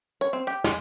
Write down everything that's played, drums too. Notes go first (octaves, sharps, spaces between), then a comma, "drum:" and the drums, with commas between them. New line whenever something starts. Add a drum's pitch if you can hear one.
C#5
C4
G4
G#3, drum: snare